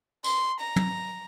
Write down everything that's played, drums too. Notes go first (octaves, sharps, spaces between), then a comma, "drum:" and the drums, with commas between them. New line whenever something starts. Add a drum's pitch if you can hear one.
C6, drum: tambourine
A#5
drum: tom